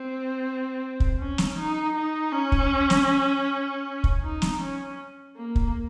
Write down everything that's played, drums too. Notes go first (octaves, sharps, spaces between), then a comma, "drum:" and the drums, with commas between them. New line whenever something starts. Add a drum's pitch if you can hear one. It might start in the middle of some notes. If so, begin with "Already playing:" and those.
Already playing: C4
drum: kick
C#4
drum: snare
D#4
D#4
C#4
drum: kick
drum: snare
drum: kick
D#4
drum: snare
C#4
A#3
drum: kick